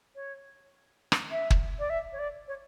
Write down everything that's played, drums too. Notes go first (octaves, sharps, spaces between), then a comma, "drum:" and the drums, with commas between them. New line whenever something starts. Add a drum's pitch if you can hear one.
C#5
drum: rim click
E5
drum: kick
D5
E5
C#5
D5
C#5